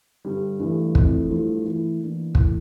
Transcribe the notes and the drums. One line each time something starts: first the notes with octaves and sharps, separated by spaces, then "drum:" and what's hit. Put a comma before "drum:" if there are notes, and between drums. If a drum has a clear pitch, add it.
G2 D3 G3
G2 E3 A3
F2 E3 A3 E4, drum: kick
G2 F3 A3 E4
E3 A3 E4
E3 A#3 D4
E3 A3 E4, drum: kick